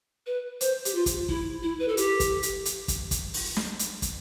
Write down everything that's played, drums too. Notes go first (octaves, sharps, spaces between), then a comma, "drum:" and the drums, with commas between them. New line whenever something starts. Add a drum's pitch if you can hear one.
B4
C5, drum: hi-hat
G4, drum: hi-hat
F4
drum: kick, hi-hat
E4, drum: kick
E4
B4
A4
G4, drum: hi-hat
drum: kick, hi-hat
drum: hi-hat
drum: hi-hat
drum: kick, hi-hat
drum: kick, hi-hat
drum: open hi-hat
drum: snare
drum: hi-hat
drum: kick, hi-hat